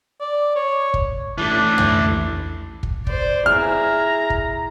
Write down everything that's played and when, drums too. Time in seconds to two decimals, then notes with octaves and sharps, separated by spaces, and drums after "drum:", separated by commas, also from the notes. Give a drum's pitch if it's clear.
0.20 D5
0.56 C#5
0.94 drum: kick
1.38 E3 A3 D4
1.78 drum: tom
2.83 drum: kick
3.07 C5 D5, drum: kick
3.46 E4 G#4 A#5 F6
4.30 drum: kick